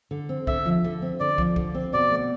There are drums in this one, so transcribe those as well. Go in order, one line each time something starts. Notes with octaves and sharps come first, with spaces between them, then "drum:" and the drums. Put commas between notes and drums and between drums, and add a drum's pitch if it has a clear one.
D3
C4
D3 E5, drum: kick
F3
D3
C4
D3 D5
F3, drum: kick
D3, drum: kick
C4
B2 D5
A3